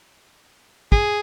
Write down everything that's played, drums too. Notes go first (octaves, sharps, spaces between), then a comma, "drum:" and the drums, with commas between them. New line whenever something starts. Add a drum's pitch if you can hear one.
G#4, drum: kick